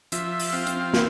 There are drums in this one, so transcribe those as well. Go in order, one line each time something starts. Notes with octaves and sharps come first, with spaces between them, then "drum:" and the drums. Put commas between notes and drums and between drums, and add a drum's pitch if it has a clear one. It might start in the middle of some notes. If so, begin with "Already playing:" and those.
F3 E5, drum: hi-hat
drum: open hi-hat
C4 F5
drum: hi-hat
E3, drum: snare